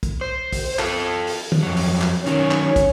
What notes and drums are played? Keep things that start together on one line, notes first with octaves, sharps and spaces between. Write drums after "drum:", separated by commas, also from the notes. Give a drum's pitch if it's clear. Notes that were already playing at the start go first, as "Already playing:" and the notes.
drum: kick, hi-hat
C5
drum: kick, open hi-hat
F4 A4, drum: clap
drum: open hi-hat
drum: tom D#3
F2 F#3
drum: open hi-hat
drum: clap
D#3 F#3 C#4, drum: hi-hat
drum: clap
drum: kick, hi-hat